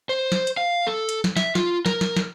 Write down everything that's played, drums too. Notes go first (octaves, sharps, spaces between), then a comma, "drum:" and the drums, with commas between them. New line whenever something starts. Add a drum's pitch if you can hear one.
C5
drum: snare
drum: hi-hat
F5
A4
drum: hi-hat
drum: snare
E5, drum: snare
F4, drum: snare
A#4, drum: snare
drum: snare
drum: snare